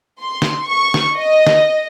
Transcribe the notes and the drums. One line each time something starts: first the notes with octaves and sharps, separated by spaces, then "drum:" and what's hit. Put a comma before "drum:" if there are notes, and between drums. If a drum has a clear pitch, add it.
C6
drum: snare
C#6
drum: snare
D#5
drum: snare